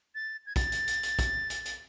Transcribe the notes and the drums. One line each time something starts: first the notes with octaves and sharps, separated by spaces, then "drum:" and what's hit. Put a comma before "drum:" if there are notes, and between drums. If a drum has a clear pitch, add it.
A6
G#6
A6, drum: kick, hi-hat
drum: hi-hat
drum: hi-hat
drum: hi-hat
drum: kick, hi-hat
drum: hi-hat
drum: hi-hat